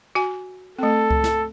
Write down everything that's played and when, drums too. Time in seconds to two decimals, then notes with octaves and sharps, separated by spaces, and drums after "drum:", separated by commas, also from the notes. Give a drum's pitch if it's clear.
0.15 F#4 G#5
0.79 A3 C4 A4
1.10 drum: kick C#2
1.24 drum: snare